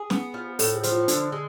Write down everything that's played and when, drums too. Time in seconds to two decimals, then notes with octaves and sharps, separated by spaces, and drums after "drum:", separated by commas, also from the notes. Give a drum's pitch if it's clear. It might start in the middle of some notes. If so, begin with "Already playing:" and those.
Already playing: G#4
0.10 B3, drum: snare
0.34 F3
0.59 A2 A4, drum: open hi-hat
0.75 G#4
0.83 F3, drum: hi-hat
0.92 F4
1.08 D3 D4, drum: hi-hat
1.32 G#3